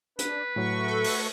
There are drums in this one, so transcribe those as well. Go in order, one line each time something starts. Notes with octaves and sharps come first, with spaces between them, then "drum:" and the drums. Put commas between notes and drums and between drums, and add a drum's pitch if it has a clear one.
D4 B4, drum: hi-hat
A2 F#3 A3 F#4 C#6
A4
drum: open hi-hat